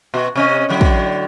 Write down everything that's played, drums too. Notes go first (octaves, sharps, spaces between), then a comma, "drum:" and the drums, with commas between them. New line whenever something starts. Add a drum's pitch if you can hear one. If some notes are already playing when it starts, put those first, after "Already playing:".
B2 F#4
C3 C#4 D#5
A2 D3 F#3
drum: kick